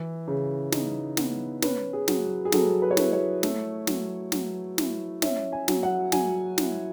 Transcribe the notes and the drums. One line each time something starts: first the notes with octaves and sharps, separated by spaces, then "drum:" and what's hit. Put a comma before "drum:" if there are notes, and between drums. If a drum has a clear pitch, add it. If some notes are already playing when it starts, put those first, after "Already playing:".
Already playing: E3
C#3
D#4, drum: snare
B3, drum: snare
C#4 B4, drum: snare
G#4
F#3, drum: snare
G#4
F#3 A4, drum: snare
B4
C#5
E4 B4, drum: snare
C#5
A3, drum: snare
F#3, drum: snare
F#3, drum: snare
E4, drum: snare
C#4 E5, drum: snare
G#5
F#3, drum: snare
F#5
F#3 G#5, drum: snare
E4, drum: snare